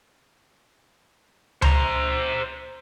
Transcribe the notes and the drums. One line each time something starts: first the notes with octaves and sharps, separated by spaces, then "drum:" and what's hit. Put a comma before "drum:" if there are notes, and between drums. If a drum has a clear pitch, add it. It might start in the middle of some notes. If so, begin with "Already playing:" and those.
C5 A#5, drum: tom C#2